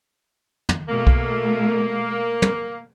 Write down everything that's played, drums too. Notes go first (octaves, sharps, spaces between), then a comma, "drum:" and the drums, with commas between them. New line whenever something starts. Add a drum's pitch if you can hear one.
drum: tom
B2 A3 A#3
drum: kick B1
drum: tom